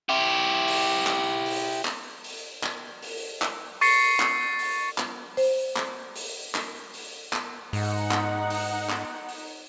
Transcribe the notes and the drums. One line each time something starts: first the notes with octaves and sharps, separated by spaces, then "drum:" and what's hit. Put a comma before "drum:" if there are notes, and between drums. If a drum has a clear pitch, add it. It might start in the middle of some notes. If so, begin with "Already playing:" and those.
E4 G4
drum: open hi-hat
drum: clap
drum: open hi-hat
drum: clap
drum: open hi-hat
drum: clap
drum: open hi-hat
drum: clap
C#6 A6 C7 C#7, drum: open hi-hat
drum: clap
drum: open hi-hat
drum: clap
C5, drum: open hi-hat
drum: clap
drum: open hi-hat
drum: clap
drum: open hi-hat
drum: clap
G#2 D#4 F#5, drum: open hi-hat
drum: clap
drum: open hi-hat
drum: clap
drum: open hi-hat